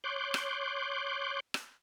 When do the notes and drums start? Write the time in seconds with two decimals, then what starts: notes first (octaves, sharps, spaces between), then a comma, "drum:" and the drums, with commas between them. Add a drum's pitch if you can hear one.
0.04 C#5 C6 D6 F#6 G6
0.34 drum: rim click
1.54 drum: rim click